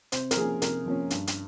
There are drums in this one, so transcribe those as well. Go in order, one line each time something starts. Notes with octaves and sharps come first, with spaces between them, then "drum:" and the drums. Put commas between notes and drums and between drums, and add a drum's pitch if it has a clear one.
C3 C5, drum: hi-hat
A#4, drum: hi-hat
F3 A#3 C#4 G#4
C3 A#4, drum: hi-hat
F3 A#3 C#4
G2, drum: hi-hat
drum: hi-hat